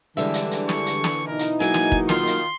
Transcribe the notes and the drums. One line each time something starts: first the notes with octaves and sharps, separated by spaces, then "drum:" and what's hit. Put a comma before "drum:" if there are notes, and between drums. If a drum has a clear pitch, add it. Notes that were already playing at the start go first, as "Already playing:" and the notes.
D3 E3 G3 G#3 E5
drum: hi-hat
drum: hi-hat
C#6, drum: snare
drum: hi-hat
drum: snare
B2 D#4 E4 A#4
drum: hi-hat
F#3 G#3 A#3 G#5
drum: snare
drum: kick
D#3 F4 C6, drum: snare
drum: hi-hat